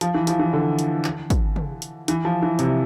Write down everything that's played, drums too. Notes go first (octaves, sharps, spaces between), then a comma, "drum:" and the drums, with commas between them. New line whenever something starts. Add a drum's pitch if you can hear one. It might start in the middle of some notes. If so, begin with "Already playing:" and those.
F3, drum: hi-hat
E3
F3, drum: hi-hat
E3
D3
drum: hi-hat
drum: clap
drum: kick, hi-hat
drum: tom
drum: hi-hat
E3, drum: hi-hat
F3
E3
C3, drum: hi-hat